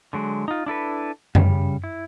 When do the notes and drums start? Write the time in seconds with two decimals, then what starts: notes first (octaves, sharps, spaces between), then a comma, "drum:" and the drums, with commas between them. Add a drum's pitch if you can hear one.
0.13 D3 F#3 G#3
0.48 D#4 F4
0.66 D4 E4 A4 B4
1.35 C#3 G3, drum: tom F#2
1.84 E4